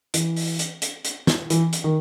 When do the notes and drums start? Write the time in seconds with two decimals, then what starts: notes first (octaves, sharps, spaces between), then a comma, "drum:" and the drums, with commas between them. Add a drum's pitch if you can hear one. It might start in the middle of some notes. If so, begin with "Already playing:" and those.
0.14 E3, drum: hi-hat
0.37 drum: open hi-hat
0.59 drum: hi-hat
0.82 drum: hi-hat
1.05 drum: hi-hat
1.27 drum: snare
1.50 E3, drum: hi-hat
1.73 drum: hi-hat
1.84 D#3